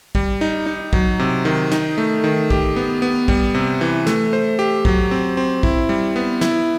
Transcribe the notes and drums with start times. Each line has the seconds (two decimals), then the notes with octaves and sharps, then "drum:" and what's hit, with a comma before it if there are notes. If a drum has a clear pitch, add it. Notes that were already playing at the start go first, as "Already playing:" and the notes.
0.15 G3, drum: kick
0.41 D#4
0.66 D#4
0.93 F#3, drum: kick
1.19 C3
1.45 D#3
1.72 D#4, drum: snare
1.98 A3
2.24 D#3
2.50 G4, drum: kick
2.76 B3
3.02 B3
3.28 G3, drum: kick
3.55 C3
3.81 E3
4.07 A3, drum: snare
4.33 C5
4.59 G4
4.85 F#3, drum: kick
5.11 C4
5.37 C4
5.63 E4, drum: kick
5.89 G3
6.16 B3
6.41 E4, drum: snare